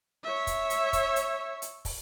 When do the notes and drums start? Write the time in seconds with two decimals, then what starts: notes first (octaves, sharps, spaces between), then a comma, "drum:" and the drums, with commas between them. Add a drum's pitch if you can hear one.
0.24 C#5 E5
0.47 drum: kick, hi-hat
0.70 drum: hi-hat
0.93 drum: kick, hi-hat
1.16 drum: hi-hat
1.62 drum: hi-hat
1.85 drum: kick, open hi-hat